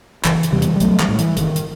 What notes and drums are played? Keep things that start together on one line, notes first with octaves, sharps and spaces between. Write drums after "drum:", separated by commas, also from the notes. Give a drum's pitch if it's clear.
F#1 E3, drum: clap
drum: hi-hat
E2 C3 E3 G3
drum: hi-hat
G3
B1 F#3 A3, drum: hi-hat
E3 G3, drum: clap
A2
E3, drum: hi-hat
F#1 D#3, drum: hi-hat
drum: hi-hat